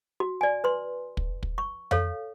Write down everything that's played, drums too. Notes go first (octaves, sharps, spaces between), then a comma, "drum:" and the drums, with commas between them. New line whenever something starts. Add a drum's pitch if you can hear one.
F#4
D5 G#5
B4 C6
drum: kick
drum: kick
C#6
A4 C#5 F5, drum: tom F2